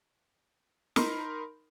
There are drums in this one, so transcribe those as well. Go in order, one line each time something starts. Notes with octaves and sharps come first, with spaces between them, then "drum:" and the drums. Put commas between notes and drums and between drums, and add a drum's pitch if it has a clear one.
D#4 A#4 B5 C6, drum: snare